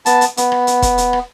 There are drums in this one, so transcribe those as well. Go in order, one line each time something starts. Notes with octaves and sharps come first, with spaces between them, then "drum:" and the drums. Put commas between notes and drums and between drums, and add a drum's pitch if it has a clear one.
B3 A5, drum: hi-hat
drum: hi-hat
B3, drum: hi-hat
drum: rim click
drum: hi-hat
drum: kick, hi-hat
drum: hi-hat
drum: rim click